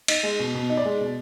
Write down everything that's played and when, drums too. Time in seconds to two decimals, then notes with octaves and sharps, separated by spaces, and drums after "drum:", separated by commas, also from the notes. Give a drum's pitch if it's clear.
0.08 D#4, drum: cymbal
0.23 G#3
0.40 B2
0.55 B2
0.69 D#4
0.77 D5
0.85 G#3
1.00 B2